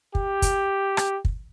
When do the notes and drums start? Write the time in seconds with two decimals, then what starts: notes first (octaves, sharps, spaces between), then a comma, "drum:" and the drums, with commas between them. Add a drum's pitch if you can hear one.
0.15 G4, drum: kick
0.42 drum: kick, hi-hat
0.97 drum: rim click
1.25 drum: kick